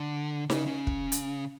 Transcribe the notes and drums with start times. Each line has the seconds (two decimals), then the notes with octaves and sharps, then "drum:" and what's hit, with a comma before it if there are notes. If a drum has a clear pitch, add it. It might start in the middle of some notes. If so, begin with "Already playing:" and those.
Already playing: D3
0.50 C#3, drum: snare D#4
0.67 C#3
0.87 drum: kick
1.12 drum: hi-hat